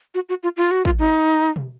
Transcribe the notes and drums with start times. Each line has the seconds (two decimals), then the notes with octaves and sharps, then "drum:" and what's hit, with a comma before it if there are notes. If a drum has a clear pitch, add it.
0.15 F#4
0.29 F#4
0.43 F4
0.57 F4
0.71 F#4
0.85 F4, drum: kick
0.99 D#4
1.56 drum: tom B2